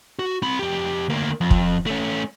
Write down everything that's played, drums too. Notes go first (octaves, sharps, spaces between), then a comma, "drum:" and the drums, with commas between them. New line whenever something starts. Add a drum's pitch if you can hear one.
F#4
C4 B5
F2 G4
D2 A#3
F2
drum: kick
A3 C#4